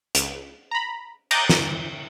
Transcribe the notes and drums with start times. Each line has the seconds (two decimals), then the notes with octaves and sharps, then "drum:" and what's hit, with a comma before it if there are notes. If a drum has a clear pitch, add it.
0.15 C#2, drum: hi-hat
0.71 A#5 B5
1.31 A#5 D6 D#6 F#6 G6 A6, drum: cymbal
1.49 drum: snare